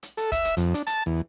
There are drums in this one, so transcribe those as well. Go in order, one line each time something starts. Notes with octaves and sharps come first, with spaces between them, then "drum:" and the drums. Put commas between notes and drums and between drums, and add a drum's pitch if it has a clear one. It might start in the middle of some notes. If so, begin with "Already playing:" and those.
drum: hi-hat
A4, drum: hi-hat
E5, drum: kick, hi-hat
drum: hi-hat
F2, drum: hi-hat
D4, drum: hi-hat
A5, drum: hi-hat
E2